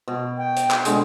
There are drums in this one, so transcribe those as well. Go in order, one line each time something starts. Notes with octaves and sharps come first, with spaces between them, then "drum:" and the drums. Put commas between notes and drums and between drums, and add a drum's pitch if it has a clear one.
B2
G5
drum: hi-hat
drum: clap
B2 D3 G#3, drum: hi-hat